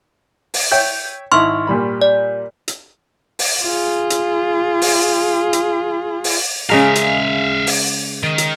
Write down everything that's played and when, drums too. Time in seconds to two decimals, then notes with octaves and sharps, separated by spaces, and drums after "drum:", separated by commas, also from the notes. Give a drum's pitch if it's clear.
0.54 drum: open hi-hat
0.72 C#5 E5 G5 G6
1.32 G#1 E4 C6 C#6 F6
1.67 A#2 G3 B5
2.01 D5
2.68 drum: hi-hat
3.39 drum: open hi-hat
3.64 F4 G#4
4.10 drum: hi-hat
4.82 drum: open hi-hat
5.53 drum: hi-hat
6.24 drum: open hi-hat
6.70 C#3 G#3 A#4 E5 F5
6.95 drum: hi-hat
7.67 drum: open hi-hat
8.23 D#3
8.38 drum: hi-hat